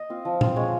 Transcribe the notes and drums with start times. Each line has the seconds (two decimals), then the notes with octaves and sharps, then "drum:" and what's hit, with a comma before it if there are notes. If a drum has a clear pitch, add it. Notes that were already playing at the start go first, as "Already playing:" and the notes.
Already playing: D#5
0.10 C4 F4
0.25 F3
0.41 C4 F4, drum: tom
0.56 G#3 C#5